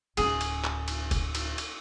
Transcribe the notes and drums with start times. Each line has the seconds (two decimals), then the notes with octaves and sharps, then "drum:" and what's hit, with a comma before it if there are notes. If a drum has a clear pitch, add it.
0.17 D1 C#4 G#4, drum: cymbal
0.41 drum: cymbal
0.64 drum: clap
0.88 drum: cymbal
1.11 drum: kick, cymbal
1.35 drum: cymbal
1.58 drum: cymbal